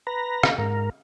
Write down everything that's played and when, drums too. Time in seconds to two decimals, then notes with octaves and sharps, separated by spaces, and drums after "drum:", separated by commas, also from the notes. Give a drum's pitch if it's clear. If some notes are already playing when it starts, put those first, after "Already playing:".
0.07 B4 A#5
0.43 drum: rim click
0.58 G#2 A#4